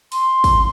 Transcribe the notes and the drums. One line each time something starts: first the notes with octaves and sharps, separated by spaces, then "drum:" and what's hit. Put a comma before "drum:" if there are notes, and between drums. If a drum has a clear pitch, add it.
C6, drum: open hi-hat
drum: kick, open hi-hat